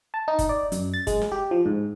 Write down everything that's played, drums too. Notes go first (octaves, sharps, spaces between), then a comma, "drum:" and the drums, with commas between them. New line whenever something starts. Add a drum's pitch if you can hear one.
A5
D#4
drum: kick F#1, hi-hat
D5
F#2, drum: hi-hat
A6
G#3, drum: kick F#1, hi-hat
drum: snare
G4
F3
G#2